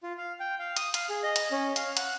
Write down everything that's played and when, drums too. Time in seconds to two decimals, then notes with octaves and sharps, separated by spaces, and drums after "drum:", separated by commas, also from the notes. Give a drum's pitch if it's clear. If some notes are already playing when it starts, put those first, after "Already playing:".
0.03 F4
0.18 F5
0.40 G5
0.59 F5
0.77 D#6, drum: hi-hat
0.94 F5, drum: hi-hat
1.10 G#4
1.23 D#5
1.36 drum: hi-hat
1.51 C#4
1.76 F5, drum: hi-hat
1.97 F#5, drum: hi-hat